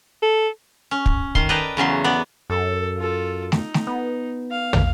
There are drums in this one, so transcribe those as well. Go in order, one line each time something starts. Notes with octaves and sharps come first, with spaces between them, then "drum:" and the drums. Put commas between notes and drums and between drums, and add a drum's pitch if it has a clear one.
A4
C#4
drum: kick
D#3 C6, drum: kick
B4 D5 D#5 G5 A5 A#5
E2 C#3 F#3 C6
B3 D5
F#2 A4
F4 A4
D#4, drum: snare
drum: snare
B3
F5
drum: tom